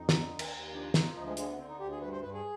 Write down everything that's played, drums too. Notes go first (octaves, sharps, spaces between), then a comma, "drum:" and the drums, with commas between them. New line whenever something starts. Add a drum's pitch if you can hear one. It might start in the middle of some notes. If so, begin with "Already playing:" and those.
Already playing: F2 D#4
D3, drum: snare
D#2
drum: cymbal
D#2
F3 D4
F3 D#4, drum: snare
D2 D#4
G#3
D3 G#3, drum: hi-hat
B3
D3 C4
D#4
D2 G4
G#4
G2 B4
C5
G2 B4
G#4